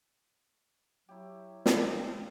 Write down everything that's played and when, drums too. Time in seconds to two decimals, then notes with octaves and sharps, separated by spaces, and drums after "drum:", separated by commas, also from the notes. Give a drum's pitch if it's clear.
1.09 F#3 E4 G4
1.66 drum: snare
1.78 A#3 C4